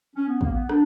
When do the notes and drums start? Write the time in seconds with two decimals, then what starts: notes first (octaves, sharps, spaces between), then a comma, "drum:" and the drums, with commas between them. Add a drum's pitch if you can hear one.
0.16 C#4
0.28 B3
0.41 A#3, drum: kick
0.52 B3
0.69 D4, drum: rim click